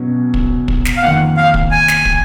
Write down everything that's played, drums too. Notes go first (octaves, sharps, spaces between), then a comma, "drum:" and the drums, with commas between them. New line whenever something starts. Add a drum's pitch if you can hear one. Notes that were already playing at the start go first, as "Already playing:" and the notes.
Already playing: B2 F#3 C#4
drum: kick
drum: kick
drum: snare
F5
F2 D#3 A#3 F#5
F5
drum: kick
G#5
drum: snare
drum: kick